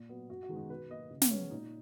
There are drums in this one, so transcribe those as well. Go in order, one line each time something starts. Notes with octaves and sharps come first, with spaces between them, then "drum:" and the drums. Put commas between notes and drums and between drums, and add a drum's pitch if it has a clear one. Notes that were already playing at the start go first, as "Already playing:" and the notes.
Already playing: A#2
F#3 B3
F#2 F#4
F#4
D#3 G#3 B3
D#4
B2 B4
F#3 A#3 D#5
C#3
drum: snare
G#3 B3 C#4
A#2 D#4